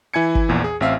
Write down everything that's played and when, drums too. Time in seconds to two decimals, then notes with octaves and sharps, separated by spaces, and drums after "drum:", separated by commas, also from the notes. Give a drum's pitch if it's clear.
0.14 E3 E4 G#5 G#6 C#7
0.35 drum: kick G1
0.49 A#1 E2 A#2
0.64 G#4
0.81 A1 C4 E5 F5